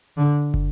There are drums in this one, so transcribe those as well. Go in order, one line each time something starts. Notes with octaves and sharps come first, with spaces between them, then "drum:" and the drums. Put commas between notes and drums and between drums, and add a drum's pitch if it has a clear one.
D3
drum: kick